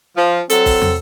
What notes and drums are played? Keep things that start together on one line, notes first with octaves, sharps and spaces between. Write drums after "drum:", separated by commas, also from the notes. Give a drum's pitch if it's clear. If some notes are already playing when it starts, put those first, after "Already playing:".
F3
F#3 C4 A4, drum: hi-hat
drum: kick, open hi-hat
drum: tom